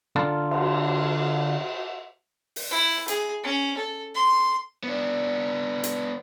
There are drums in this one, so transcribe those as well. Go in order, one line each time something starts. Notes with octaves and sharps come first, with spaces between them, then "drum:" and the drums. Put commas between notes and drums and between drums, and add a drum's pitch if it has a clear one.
D3 D4 F4 A4 A#4
drum: cymbal
drum: open hi-hat
E4
G#4, drum: hi-hat
C#4
A4
C6
B3 D4
drum: hi-hat